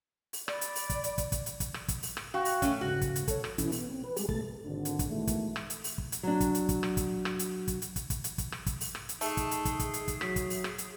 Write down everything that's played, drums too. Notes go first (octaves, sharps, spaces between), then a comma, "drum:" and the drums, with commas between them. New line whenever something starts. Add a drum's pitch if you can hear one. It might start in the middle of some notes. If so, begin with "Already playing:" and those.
drum: open hi-hat
D5 B5, drum: rim click
drum: hi-hat
drum: open hi-hat
drum: kick, hi-hat
drum: hi-hat
drum: kick, hi-hat
drum: kick, hi-hat
drum: hi-hat
drum: kick, hi-hat
drum: rim click
drum: kick, hi-hat
drum: open hi-hat
drum: rim click
F#4 F5 G5 C#6
drum: open hi-hat
A3 C#4, drum: kick, hi-hat
D#2 G#2 C#3 F#4
drum: kick, hi-hat
drum: hi-hat
A4 C#5, drum: kick, hi-hat
drum: rim click
B2 E3 C#4 E4, drum: kick, hi-hat
B3, drum: open hi-hat
C4
B4
G3 G#3 G4 G#4, drum: open hi-hat
B2 A3 A4 A6, drum: kick
G#1 D3
drum: hi-hat
drum: kick, hi-hat
B2 D#3 E3 G#3 A3
drum: kick, hi-hat
drum: rim click
drum: hi-hat
drum: open hi-hat
drum: kick
drum: hi-hat
F#3 D4
drum: kick, hi-hat
drum: hi-hat
drum: kick, hi-hat
drum: rim click
drum: kick, hi-hat
drum: rim click
drum: hi-hat
drum: kick, hi-hat
drum: hi-hat
drum: kick, hi-hat
drum: kick, hi-hat
drum: hi-hat
drum: kick, hi-hat
drum: rim click
drum: kick, hi-hat
drum: open hi-hat
drum: rim click
drum: hi-hat
A3 D#4 G#4 A5, drum: open hi-hat
drum: kick, hi-hat
drum: hi-hat
drum: kick, hi-hat
drum: kick, hi-hat
drum: hi-hat
drum: kick, hi-hat
F#3 B6, drum: rim click
drum: kick, hi-hat
drum: open hi-hat
drum: rim click
drum: hi-hat